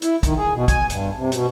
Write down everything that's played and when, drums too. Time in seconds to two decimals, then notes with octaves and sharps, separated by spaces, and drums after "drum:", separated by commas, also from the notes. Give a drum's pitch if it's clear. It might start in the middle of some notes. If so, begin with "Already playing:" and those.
0.02 E4, drum: hi-hat
0.23 D#3, drum: kick, hi-hat
0.38 G#4
0.54 B2
0.68 G#5, drum: kick, hi-hat
0.90 G2, drum: hi-hat
1.16 C3
1.32 B2, drum: hi-hat